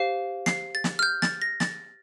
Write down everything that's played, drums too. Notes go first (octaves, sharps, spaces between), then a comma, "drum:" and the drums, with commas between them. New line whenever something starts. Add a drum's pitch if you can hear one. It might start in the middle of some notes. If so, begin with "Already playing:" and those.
Already playing: G4 C5 F5 C7
C7, drum: snare
A6
drum: snare
F6
G6
A6, drum: snare
A#6
A6, drum: snare